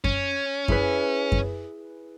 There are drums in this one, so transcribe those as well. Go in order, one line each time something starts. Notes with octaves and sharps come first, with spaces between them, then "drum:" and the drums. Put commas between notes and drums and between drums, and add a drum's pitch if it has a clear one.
C#4, drum: kick F#2
E4 G#4 B4, drum: kick F#2
drum: kick F#2